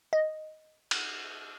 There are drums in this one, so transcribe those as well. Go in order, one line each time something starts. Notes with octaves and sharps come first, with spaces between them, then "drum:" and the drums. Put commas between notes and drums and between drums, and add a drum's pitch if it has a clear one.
D#5
drum: cymbal